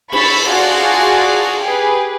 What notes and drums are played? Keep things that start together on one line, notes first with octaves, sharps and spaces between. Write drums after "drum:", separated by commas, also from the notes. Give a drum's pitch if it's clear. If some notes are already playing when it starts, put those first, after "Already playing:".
B5 C#6 E6 A6 B6, drum: cymbal
F4 F#4 G#4 A4 D5
G4 G#4 B4